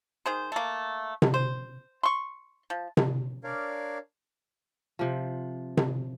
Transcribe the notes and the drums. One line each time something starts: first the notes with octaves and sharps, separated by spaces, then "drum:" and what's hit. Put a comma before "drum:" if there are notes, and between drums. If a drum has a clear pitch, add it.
D#3 G#4 C5
A3 A#3
drum: tom C3
C5
C6 C#6
F3
drum: tom C3
D4 A#4 C#5 D5 F5
C3 F3
drum: tom C3